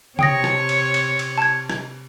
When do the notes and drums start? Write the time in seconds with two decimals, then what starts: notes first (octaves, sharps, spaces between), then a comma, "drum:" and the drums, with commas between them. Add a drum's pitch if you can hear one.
0.19 C3 C#5 G5 D#6 A#6, drum: tom C#3
0.44 drum: rim click
0.69 drum: cymbal
0.94 drum: cymbal
1.19 drum: cymbal
1.38 A5 G#6
1.70 drum: rim click